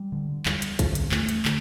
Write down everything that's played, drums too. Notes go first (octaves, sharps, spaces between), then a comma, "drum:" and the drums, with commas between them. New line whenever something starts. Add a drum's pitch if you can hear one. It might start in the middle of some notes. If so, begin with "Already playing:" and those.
Already playing: G3
D3
E2 G3, drum: clap
drum: hi-hat
D3, drum: kick A#1, hi-hat
drum: hi-hat
E2 A3, drum: clap
drum: hi-hat
D3, drum: clap